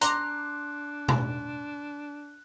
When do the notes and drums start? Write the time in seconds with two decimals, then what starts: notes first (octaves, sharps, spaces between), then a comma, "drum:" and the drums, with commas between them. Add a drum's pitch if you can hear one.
0.01 D4 A#5 C6 D6 F#6, drum: hi-hat
1.08 drum: tom B2